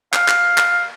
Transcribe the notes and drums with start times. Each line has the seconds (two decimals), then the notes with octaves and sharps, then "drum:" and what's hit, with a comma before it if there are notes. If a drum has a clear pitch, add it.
0.13 F5, drum: clap
0.28 drum: clap
0.58 drum: clap